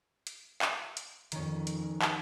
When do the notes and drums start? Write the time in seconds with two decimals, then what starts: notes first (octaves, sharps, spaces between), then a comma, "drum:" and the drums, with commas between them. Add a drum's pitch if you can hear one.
0.27 drum: hi-hat
0.62 drum: clap
0.97 drum: hi-hat
1.32 F2 D#3 C#4, drum: hi-hat
1.67 drum: hi-hat
2.02 drum: clap